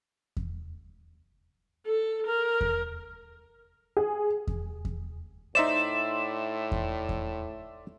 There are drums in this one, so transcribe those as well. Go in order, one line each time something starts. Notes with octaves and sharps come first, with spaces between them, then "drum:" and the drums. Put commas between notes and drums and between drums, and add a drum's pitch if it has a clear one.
drum: kick E2
A4
A#4
drum: kick E2
G#4
drum: kick E2
drum: kick E2
A2 D#4 C5 D5 E5 C6 E7
drum: kick E2
drum: kick E2